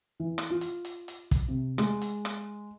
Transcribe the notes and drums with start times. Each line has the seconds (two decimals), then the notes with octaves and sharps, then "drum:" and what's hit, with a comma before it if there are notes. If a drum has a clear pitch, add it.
0.20 E3
0.38 drum: rim click
0.50 F4
0.61 drum: hi-hat
0.85 drum: hi-hat
1.08 drum: hi-hat
1.31 drum: kick, hi-hat
1.48 C3
1.78 G#3, drum: rim click
2.02 drum: hi-hat
2.25 drum: rim click